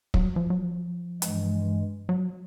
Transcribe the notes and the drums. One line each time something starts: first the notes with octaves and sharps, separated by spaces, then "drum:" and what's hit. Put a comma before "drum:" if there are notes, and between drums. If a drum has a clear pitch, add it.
F#3, drum: kick
F3
F#3
F3
G2 E3 G#3, drum: hi-hat
F#3